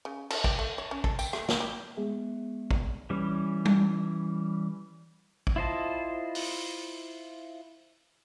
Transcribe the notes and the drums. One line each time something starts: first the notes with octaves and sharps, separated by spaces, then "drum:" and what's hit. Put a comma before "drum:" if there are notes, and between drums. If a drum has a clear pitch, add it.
C#3
A4, drum: cymbal
G4, drum: kick
A3
C#5
C#4
A4, drum: kick
G5, drum: tambourine
A3, drum: rim click
D#3, drum: snare
G4
G#3 B3 G#4 E5
drum: kick
E3 G3 C#4
drum: tom
drum: kick
E4 F4 C5 D#5 A5
drum: open hi-hat